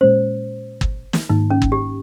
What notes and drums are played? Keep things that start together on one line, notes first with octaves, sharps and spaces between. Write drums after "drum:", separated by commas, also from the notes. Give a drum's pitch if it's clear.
A#2 G#3 C#4 C5
drum: kick
drum: snare
G#2 D#3 A#3 D#4
C#4
drum: kick
G4